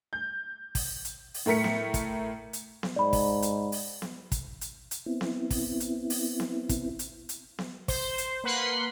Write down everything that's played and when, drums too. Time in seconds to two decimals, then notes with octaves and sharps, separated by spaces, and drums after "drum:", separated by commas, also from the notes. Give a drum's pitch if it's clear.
0.13 G6
0.75 drum: kick, open hi-hat
1.05 drum: hi-hat
1.34 drum: open hi-hat
1.46 A2 A3 A#4 B6 C#7
1.64 drum: snare B3
1.94 drum: kick, hi-hat
2.53 drum: hi-hat
2.83 drum: snare B3
2.96 G#2 D5 B5
3.13 drum: kick, open hi-hat
3.42 drum: hi-hat
3.72 drum: open hi-hat
4.02 drum: snare B3
4.32 drum: kick, hi-hat
4.61 drum: hi-hat
4.91 drum: hi-hat
5.06 B3 C4 E4
5.21 drum: snare B3
5.50 drum: kick, open hi-hat
5.80 drum: hi-hat
6.10 drum: open hi-hat
6.40 drum: snare B3
6.69 drum: kick, hi-hat
6.99 drum: hi-hat
7.29 drum: hi-hat
7.59 drum: snare B3
7.88 C5, drum: kick, open hi-hat
8.18 drum: hi-hat
8.44 A#3 B4 F#5 B5 C6